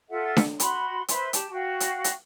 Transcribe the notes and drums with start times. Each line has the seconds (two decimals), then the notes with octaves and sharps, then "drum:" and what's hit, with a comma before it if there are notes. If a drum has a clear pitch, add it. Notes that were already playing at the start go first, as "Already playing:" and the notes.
0.09 F4 A4 E5 F#5
0.37 drum: snare D4
0.60 F#4 B5 C6, drum: hi-hat
1.08 B4 C5 E5 C6, drum: hi-hat
1.33 G4 A5, drum: hi-hat
1.51 F#4 F5 G5
1.80 drum: hi-hat
2.04 drum: hi-hat